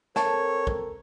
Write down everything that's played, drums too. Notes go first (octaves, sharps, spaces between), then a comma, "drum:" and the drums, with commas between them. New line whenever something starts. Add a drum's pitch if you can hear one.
C4 A4 A#4 C#5 A5, drum: snare
drum: kick